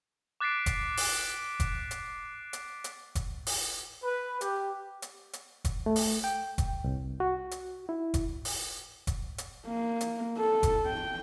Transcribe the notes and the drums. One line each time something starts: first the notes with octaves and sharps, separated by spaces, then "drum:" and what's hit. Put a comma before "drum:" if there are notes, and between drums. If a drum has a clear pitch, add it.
D6 F#6 A6 B6 C7 D7
drum: kick F1, hi-hat
drum: open hi-hat
drum: kick F1, hi-hat
drum: hi-hat
drum: hi-hat
drum: hi-hat
drum: kick F1, hi-hat
drum: open hi-hat
B4
G4, drum: hi-hat
drum: hi-hat
drum: hi-hat
drum: kick F1, hi-hat
A3
drum: open hi-hat
G5
drum: kick F1, hi-hat
C2
F#4
drum: hi-hat
E4
drum: kick F1, hi-hat
drum: open hi-hat
drum: kick F1, hi-hat
drum: hi-hat
A#3
drum: hi-hat
A4
drum: kick F1, hi-hat
G5